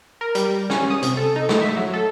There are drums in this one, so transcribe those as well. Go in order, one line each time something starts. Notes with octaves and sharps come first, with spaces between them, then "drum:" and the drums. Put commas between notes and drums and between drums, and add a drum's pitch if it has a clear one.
A#4
G3, drum: hi-hat
C#4, drum: snare
D#6
C3, drum: hi-hat
A4
D#4
A3, drum: snare
E5
F#3
A4